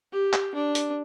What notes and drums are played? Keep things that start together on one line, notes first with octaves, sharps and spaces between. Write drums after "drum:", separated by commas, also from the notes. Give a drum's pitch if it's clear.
G4
drum: clap
D4
drum: hi-hat